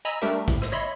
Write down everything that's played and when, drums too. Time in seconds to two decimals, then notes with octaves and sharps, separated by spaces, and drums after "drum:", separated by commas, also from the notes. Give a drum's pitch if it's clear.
0.05 D#5 G#5 A#5 B5 E6
0.22 G3 A3 D4 G4 A#4 E5
0.48 A2, drum: kick, hi-hat
0.62 drum: rim click
0.72 C#5 D#5 E5 B5 C6